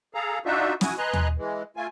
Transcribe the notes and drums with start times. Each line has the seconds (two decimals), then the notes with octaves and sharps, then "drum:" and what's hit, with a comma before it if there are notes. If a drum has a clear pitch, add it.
0.15 G#4 A4 F5 A#5
0.46 D4 D#4 F4 F#4 E5
0.81 E4 F#4 G#5 D#6, drum: snare
0.98 B4 D#5 G#5 A#5 C6 F#6
1.13 drum: tom D#2
1.38 E3 G#3
1.77 A3 F4 G#5